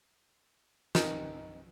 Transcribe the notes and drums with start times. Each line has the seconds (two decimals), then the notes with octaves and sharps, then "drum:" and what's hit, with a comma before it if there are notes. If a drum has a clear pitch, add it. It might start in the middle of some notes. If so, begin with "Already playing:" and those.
0.95 D#3, drum: snare